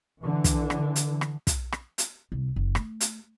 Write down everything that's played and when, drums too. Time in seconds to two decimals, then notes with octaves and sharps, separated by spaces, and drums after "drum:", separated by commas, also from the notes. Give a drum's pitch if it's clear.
0.22 D3 E3
0.44 drum: kick, hi-hat
0.70 drum: rim click
0.96 drum: hi-hat
1.21 drum: rim click
1.47 drum: kick, hi-hat
1.72 drum: rim click
1.98 drum: hi-hat
2.32 C2
2.56 F#1
2.75 A3, drum: rim click
3.01 drum: hi-hat